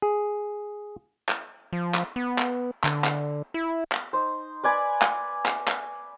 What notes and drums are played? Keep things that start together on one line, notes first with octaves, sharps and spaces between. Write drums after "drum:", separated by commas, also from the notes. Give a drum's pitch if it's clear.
G#4
drum: clap
F3
drum: clap
B3
drum: clap
D3, drum: clap
drum: clap
E4
drum: clap
D#4 C5
B4 D5 G#5 B5
drum: clap
drum: clap
drum: clap